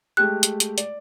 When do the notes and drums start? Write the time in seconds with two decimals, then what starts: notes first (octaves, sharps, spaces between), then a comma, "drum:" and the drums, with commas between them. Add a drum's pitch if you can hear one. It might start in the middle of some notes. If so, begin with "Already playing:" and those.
0.17 G#3 A3 G4 F#6
0.43 drum: hi-hat
0.60 drum: hi-hat
0.78 D5, drum: hi-hat